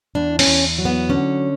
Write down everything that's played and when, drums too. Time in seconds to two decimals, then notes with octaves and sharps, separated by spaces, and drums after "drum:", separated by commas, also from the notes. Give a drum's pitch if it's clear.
0.15 E2 D4
0.39 C#4, drum: open hi-hat
0.47 E2
0.78 F#3
0.85 B3
1.09 D3 C#4